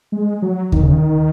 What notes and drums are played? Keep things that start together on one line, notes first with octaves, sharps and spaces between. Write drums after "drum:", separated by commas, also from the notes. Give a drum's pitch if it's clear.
G#3
F#3
D#3, drum: kick D#2
C#3
D#3